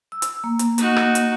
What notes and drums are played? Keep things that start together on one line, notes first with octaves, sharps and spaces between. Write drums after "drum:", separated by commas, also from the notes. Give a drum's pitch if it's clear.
E6
drum: hi-hat
A#3
drum: hi-hat
D#4 F#4, drum: hi-hat
drum: rim click
drum: hi-hat